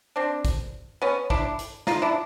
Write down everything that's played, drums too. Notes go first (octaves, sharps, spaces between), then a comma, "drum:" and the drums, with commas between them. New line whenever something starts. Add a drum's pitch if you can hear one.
C4 D4
drum: kick, hi-hat
B3 C#4
D4 E4, drum: kick
drum: hi-hat
D#4 F4, drum: snare
D4 E4